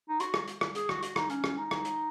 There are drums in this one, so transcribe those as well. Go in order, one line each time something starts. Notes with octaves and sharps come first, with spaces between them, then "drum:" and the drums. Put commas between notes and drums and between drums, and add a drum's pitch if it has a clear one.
D#4
F#4, drum: hi-hat
drum: rim click
drum: hi-hat
drum: rim click
G#4, drum: hi-hat
F#4, drum: rim click
F#4, drum: hi-hat
D#4, drum: rim click
C#4, drum: hi-hat
drum: rim click
D#4
drum: rim click
drum: hi-hat